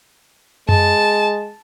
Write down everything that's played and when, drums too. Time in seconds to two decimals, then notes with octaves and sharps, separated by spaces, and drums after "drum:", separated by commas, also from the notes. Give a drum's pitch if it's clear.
0.69 G#3 A5, drum: tom F#2